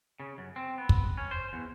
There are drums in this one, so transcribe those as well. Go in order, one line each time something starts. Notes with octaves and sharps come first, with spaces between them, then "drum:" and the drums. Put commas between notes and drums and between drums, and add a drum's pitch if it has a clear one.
C#3
F#2
C4
B3
drum: kick
C#4
C5
E2